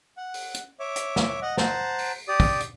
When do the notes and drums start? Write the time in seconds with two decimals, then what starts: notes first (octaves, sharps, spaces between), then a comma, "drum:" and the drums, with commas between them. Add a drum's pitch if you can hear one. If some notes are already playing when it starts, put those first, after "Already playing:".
0.17 F#5
0.34 drum: open hi-hat
0.55 drum: hi-hat
0.80 C#5 E5 D6
0.96 drum: hi-hat
1.16 drum: snare
1.42 D#5 F#5
1.57 C5 F#5 A5 A#5, drum: snare
1.99 drum: open hi-hat
2.28 G4 D5 D#6
2.40 drum: kick, open hi-hat
2.60 drum: hi-hat